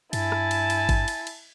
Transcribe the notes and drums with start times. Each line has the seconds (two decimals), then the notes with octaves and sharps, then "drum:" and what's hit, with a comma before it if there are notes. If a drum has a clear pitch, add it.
0.13 G2 E4 G#5 A5, drum: cymbal
0.32 drum: rim click
0.51 drum: cymbal
0.70 drum: cymbal
0.89 drum: kick G#1, cymbal
1.08 drum: cymbal
1.27 drum: cymbal